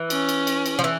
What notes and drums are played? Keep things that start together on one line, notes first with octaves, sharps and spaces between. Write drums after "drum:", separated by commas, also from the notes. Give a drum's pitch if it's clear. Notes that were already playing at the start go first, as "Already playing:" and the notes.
Already playing: E3
C#4, drum: cymbal
drum: cymbal
drum: cymbal
drum: cymbal
F3
E3